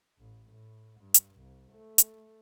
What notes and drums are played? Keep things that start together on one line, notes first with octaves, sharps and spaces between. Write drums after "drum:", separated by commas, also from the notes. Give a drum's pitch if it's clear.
A1
A2
G2
drum: hi-hat
C2
A3
drum: hi-hat